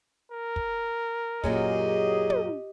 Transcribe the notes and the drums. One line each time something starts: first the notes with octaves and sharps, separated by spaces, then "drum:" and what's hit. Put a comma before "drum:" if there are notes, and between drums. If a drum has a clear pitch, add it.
A#4
drum: kick
F#2 A#2 F#3 G4 G#4 D#5, drum: kick
drum: tom